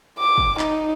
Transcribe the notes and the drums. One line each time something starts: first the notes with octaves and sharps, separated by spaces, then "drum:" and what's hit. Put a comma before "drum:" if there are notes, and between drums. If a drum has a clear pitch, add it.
D6
drum: kick
D#4, drum: clap